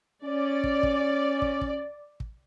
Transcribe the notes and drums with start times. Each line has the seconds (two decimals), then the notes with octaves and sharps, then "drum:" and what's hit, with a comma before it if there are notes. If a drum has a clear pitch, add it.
0.24 C#4 D5
0.64 drum: kick
0.83 drum: kick
1.42 drum: kick
1.61 drum: kick
2.20 drum: kick